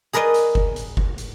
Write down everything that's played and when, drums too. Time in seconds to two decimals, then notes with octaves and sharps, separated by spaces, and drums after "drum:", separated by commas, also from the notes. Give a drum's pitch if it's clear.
0.13 G#4 A#4 B4 D5 D#5
0.34 drum: hi-hat
0.55 drum: kick F#1
0.76 drum: hi-hat
0.97 drum: kick F#1
1.18 drum: hi-hat